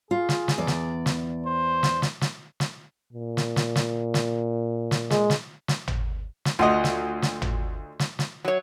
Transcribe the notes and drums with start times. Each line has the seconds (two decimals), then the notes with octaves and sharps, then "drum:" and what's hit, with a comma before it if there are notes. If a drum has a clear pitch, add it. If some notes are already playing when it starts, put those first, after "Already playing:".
0.11 F4 G#4
0.29 drum: snare
0.48 drum: snare
0.58 E2 D5
0.67 drum: snare
1.06 drum: snare
1.46 C5
1.83 drum: snare
2.02 drum: snare
2.21 drum: snare
2.60 drum: snare
3.13 A#2
3.37 drum: snare
3.56 drum: snare
3.76 drum: snare
4.14 drum: snare
4.91 drum: snare
5.10 G#3, drum: snare
5.30 drum: snare
5.68 drum: snare
5.88 drum: tom
6.45 drum: snare
6.59 D2 F4 D#5 F#5
6.84 drum: snare
7.22 drum: snare
7.42 drum: tom
7.99 drum: snare
8.19 drum: snare
8.45 F#3 C#5